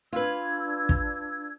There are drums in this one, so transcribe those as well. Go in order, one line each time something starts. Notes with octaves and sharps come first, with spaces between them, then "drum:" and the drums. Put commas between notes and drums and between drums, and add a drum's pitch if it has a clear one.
D4 F4 B4 E6 G#6
drum: kick